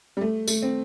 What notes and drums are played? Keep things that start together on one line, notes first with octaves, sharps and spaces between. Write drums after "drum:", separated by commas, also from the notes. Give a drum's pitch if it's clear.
G3
A3
A3, drum: tambourine
C4